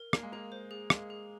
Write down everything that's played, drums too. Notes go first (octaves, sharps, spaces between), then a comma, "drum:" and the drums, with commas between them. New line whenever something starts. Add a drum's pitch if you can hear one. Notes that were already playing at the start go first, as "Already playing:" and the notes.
Already playing: A#4
A#3 F5, drum: rim click
G#3
A#3 G#4
C5
G#4
G#3 F5, drum: rim click
G#4